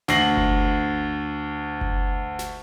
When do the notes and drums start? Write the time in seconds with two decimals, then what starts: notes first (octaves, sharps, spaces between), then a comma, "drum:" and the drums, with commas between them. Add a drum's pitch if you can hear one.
0.08 D2 A#6 C7 F#7, drum: snare
0.37 drum: kick F#1
1.81 drum: kick F#1
2.39 drum: snare